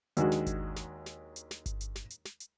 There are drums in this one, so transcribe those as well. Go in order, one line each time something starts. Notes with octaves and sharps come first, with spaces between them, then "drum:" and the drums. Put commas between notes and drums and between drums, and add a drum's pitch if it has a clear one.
D#2 F#3 G#3 D4 F#4, drum: hi-hat
drum: snare
drum: kick G1, hi-hat
drum: snare
drum: snare
drum: hi-hat
drum: snare
drum: kick G1, hi-hat
drum: hi-hat
drum: snare
drum: hi-hat
drum: snare
drum: hi-hat